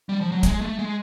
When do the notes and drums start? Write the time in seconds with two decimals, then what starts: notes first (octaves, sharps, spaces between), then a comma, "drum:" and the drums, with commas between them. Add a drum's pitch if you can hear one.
0.09 G3
0.21 F3
0.32 F#3
0.43 G#3, drum: kick, hi-hat
0.61 A3
0.79 G#3